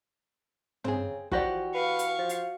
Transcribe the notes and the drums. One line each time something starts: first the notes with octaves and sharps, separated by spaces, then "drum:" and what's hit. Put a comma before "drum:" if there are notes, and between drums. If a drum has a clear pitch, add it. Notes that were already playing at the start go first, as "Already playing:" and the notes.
C#3 C4 G#4, drum: tom
E3 F3 F#4 G4 D5 F#5 A#6, drum: kick
B4 F5 C#6
drum: hi-hat
F3
drum: hi-hat